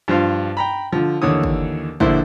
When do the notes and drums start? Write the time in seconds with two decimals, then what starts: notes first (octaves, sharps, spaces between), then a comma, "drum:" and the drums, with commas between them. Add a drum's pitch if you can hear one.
0.08 G2 F3 C5 F5
0.57 G5 A#5 B5
0.92 D3 F3
1.22 D#2 D3 E3 C#5 D#6
1.43 drum: kick
2.00 A#1 D3 E4 C5, drum: kick